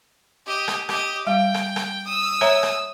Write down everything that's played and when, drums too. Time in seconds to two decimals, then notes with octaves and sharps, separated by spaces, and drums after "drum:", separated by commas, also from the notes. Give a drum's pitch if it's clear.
0.46 G4 D#5
0.68 drum: rim click
0.89 G4 D#5, drum: rim click
1.27 G3 F5 G5
1.54 drum: rim click
1.76 drum: rim click
2.06 D#6 E6
2.41 C#5 E5 A#5, drum: rim click
2.63 drum: rim click